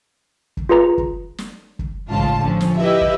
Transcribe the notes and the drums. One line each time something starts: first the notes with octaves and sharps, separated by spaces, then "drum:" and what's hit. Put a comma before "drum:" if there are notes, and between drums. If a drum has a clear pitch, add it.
drum: kick
F4 G#4 B4 A#5
drum: kick
drum: snare
drum: kick
A1 G#2 C#3 F4 A5
drum: kick
D3 F3 C#4
drum: snare
E4 G4 B4 D#5 E5
drum: kick